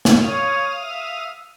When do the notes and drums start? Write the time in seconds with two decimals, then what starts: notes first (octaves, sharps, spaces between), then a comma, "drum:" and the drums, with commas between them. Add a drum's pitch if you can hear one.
0.05 drum: snare
0.22 C#5 F5 D#6
0.82 E5